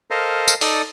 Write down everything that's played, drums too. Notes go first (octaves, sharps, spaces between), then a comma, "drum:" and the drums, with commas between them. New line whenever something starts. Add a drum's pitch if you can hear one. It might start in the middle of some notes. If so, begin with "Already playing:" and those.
A4 A#4 C5 D#5 F5
drum: tambourine
D#4 A4 D5 D#6, drum: open hi-hat